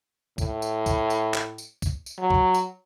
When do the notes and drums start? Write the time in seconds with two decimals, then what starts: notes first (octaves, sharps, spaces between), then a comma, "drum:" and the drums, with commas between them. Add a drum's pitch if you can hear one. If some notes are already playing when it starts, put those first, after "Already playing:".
0.38 A2, drum: kick C2, tambourine
0.62 drum: tambourine
0.86 drum: kick C2, tambourine
1.10 drum: tambourine
1.34 drum: clap
1.58 drum: tambourine
1.82 drum: kick C2, tambourine
2.06 drum: tambourine
2.19 F#3
2.30 drum: kick C2
2.54 drum: tambourine